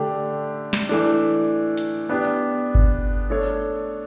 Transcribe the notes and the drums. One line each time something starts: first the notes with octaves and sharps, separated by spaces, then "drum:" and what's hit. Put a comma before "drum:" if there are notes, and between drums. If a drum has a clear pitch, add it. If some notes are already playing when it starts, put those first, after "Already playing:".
Already playing: D3 A3 D4 G4 D5
drum: snare
E3 A3 D4
drum: hi-hat
B3 D4 G4
drum: kick G1
A3 D4 A4 C#5